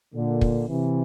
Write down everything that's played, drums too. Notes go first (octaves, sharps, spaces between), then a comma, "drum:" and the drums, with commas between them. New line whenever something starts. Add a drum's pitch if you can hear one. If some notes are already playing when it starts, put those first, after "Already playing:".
A#2 D3
drum: kick
C3 E3